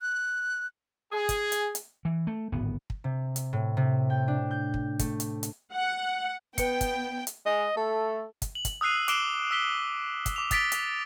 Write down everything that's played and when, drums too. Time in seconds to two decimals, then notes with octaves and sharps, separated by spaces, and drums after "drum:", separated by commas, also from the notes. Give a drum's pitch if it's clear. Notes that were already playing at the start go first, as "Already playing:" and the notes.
0.01 F#6
1.12 G#4
1.29 drum: kick, hi-hat
1.52 drum: hi-hat
1.75 drum: hi-hat
2.05 E3
2.27 A3
2.52 D1 G#1 B3
2.90 drum: kick
3.04 C3
3.36 drum: hi-hat
3.53 A2
3.77 C3
4.10 G5
4.28 D4
4.51 G6
4.74 drum: kick
4.99 A3, drum: kick, hi-hat
5.20 drum: hi-hat
5.43 drum: hi-hat
5.73 F#5
6.58 B3 B4 G5 C#7, drum: kick, hi-hat
6.81 drum: kick, hi-hat
7.27 drum: hi-hat
7.46 G#3 D#5
7.77 A3 A4
8.42 drum: kick, hi-hat
8.55 F#7
8.65 drum: kick, hi-hat
8.81 D#6 E6 F#6 C7 D#7
9.08 D6 F#6 C7 D7 E7 G7, drum: hi-hat
9.51 E6 B6 G7
10.26 drum: kick, hi-hat
10.36 D6 F7
10.51 D#6 A6 B6 D7 G7, drum: kick, hi-hat
10.72 drum: hi-hat